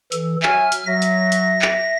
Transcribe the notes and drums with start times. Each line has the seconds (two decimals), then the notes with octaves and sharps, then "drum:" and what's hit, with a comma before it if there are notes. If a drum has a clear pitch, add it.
0.12 E3 A4, drum: hi-hat
0.43 F#3 E5 G#5 F6, drum: clap
0.72 drum: hi-hat
0.86 F#3 E5 A#6
1.02 drum: hi-hat
1.32 drum: hi-hat
1.62 drum: clap